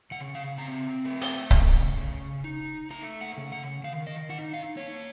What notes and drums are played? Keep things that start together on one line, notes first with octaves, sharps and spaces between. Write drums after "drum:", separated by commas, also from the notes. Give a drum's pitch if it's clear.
C#3 F#5
F5
C4 A#5
A3
drum: open hi-hat
C#3, drum: kick C#1
C#3
D#4
A3 A#5
F#5
C#3
F#5
D#3 F5
D#5
D#4 F#5
F5
A#3 C#5